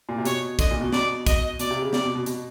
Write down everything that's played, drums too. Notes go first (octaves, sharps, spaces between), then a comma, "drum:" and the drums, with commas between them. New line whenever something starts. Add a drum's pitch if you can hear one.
A#2
C3
B2 C#5, drum: hi-hat
D3 D#5, drum: kick, hi-hat
A#2
B2
B2 D5, drum: snare
D#5, drum: kick, hi-hat
B2 D5, drum: hi-hat
C3
C#3
C3 D5, drum: snare
B2
B2
B2, drum: hi-hat